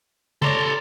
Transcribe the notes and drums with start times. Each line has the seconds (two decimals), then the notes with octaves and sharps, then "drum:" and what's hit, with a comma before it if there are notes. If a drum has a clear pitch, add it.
0.42 A4 C#5 D5 A#5 C6, drum: tom C#3